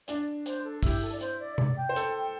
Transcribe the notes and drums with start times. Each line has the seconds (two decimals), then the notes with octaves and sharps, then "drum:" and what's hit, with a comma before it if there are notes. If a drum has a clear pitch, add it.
0.08 D4 D5, drum: hi-hat
0.46 C5, drum: hi-hat
0.64 A4
0.83 E4 G4, drum: kick, open hi-hat
1.02 A4
1.12 D5
1.21 C5, drum: hi-hat
1.40 D5
1.58 D5, drum: tom C3
1.77 G5
1.89 C5
1.96 A4, drum: hi-hat